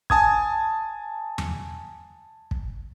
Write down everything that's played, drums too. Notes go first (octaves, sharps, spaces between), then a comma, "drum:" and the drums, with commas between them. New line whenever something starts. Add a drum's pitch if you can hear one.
G#5 A5 D#6 G#6, drum: kick
drum: tom E2
drum: kick